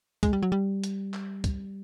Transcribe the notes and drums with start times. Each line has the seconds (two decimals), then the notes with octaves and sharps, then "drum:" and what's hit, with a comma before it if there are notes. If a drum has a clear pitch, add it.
0.23 G#3, drum: kick C#2, hi-hat
0.33 G3
0.43 F#3
0.52 G3
0.84 drum: hi-hat
1.14 drum: clap
1.44 drum: kick C#2, hi-hat